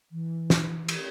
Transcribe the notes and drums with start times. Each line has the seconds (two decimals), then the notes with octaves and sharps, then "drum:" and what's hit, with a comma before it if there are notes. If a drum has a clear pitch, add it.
0.12 E3
0.50 drum: snare
0.89 drum: cymbal